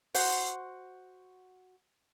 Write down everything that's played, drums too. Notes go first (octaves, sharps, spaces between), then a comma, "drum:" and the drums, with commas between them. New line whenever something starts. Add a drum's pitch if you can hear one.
F#4 C5 F#5, drum: open hi-hat